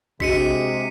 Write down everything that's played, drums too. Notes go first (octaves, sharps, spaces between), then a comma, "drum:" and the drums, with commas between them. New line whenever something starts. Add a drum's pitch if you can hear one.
C3 G#3 D4 F#4 D#5 B6 C#7 D#7, drum: kick A#1